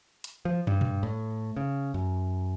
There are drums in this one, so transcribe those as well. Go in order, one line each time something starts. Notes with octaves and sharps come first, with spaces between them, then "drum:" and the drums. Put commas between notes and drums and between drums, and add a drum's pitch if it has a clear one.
drum: hi-hat
F3
G2, drum: tom
drum: tom A#2
A2
C#3
F#2